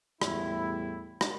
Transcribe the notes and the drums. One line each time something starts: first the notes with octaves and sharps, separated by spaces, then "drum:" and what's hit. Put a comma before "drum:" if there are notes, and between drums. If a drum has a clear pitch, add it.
E2 A2 G3 E4, drum: rim click
drum: rim click